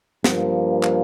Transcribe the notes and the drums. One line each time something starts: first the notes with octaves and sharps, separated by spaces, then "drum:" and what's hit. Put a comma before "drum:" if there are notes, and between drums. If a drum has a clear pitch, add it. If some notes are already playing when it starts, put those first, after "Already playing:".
G2 F3 A#3, drum: snare
drum: clap